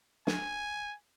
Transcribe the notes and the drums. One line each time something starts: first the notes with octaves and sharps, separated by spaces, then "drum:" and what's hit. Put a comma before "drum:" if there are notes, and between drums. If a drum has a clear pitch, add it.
G#5, drum: snare